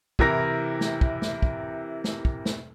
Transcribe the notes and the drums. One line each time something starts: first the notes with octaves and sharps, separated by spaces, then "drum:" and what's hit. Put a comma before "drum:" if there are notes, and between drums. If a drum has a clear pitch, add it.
C3 E3 E4 A#4 A#6, drum: kick
drum: snare
drum: kick
drum: snare
drum: kick
drum: snare
drum: kick
drum: snare